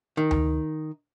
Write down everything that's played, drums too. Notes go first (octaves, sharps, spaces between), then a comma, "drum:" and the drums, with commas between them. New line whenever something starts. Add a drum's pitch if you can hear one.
D#3
drum: tom D2